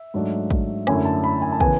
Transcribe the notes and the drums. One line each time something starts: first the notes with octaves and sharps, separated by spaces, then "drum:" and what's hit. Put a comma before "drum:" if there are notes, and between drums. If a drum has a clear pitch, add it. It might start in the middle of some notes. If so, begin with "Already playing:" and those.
Already playing: E5
G#2 F#3 A3 D4
drum: kick
F#2 D3 A3 C#4 E4 G#5, drum: rim click
A5
B5
G#5
A5
C#3 E3 B3 G#5, drum: kick